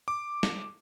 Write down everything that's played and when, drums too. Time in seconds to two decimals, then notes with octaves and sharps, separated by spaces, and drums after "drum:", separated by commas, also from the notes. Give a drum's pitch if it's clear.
0.08 D6
0.43 drum: snare